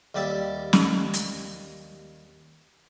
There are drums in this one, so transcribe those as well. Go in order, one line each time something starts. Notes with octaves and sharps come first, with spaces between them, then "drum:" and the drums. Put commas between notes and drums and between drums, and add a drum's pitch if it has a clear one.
D#2 G3 G4 D5 E5
drum: snare
drum: hi-hat